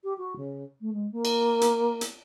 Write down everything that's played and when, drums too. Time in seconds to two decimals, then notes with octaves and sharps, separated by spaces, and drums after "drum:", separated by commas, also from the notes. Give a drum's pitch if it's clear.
0.04 G4
0.18 F#4
0.36 C#3
0.81 A3
0.93 G#3
1.12 A#3
1.25 drum: cymbal
1.61 drum: hi-hat
2.01 drum: hi-hat